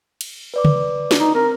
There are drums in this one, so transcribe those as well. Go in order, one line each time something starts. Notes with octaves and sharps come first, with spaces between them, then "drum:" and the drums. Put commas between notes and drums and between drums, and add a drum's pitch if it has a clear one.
drum: cymbal
B4 D5 D6
drum: tom C#3
drum: snare
D#4
C4 A#4